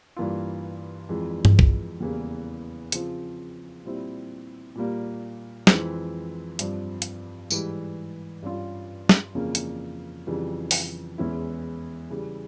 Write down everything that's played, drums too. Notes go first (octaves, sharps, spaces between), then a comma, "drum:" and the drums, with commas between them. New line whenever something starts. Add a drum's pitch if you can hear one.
G2 E3 A#3 F4
F2 E3 G#3
drum: tom G2
drum: kick
E2 C#3 E3 G3 A#3
C#3 F3 C4 F4, drum: hi-hat
A#2 G3 C4 E4
A#2 G3 A#3
F2 E3 G#3 C4, drum: snare
G2 F3 C4, drum: hi-hat
drum: hi-hat
G#2 E3 G3, drum: tambourine
G2 G3 C#4 F4
drum: snare
F2 C#3 E3 A#3 C#4
drum: hi-hat
F2 C#3 E3 G3
drum: open hi-hat
E2 E3 G#3 C#4 E4
C#3 E3 G3